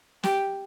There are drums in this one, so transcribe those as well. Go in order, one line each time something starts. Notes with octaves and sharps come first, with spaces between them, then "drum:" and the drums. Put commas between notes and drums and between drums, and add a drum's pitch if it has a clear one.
G4, drum: snare